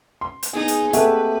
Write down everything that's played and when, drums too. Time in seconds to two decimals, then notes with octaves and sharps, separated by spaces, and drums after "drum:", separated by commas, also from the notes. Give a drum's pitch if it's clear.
0.21 C6
0.43 drum: hi-hat
0.53 B3 D#4 G#4 G#5
0.68 drum: hi-hat
0.93 A3 A#3 C4 G4 B4 E5 F#5, drum: hi-hat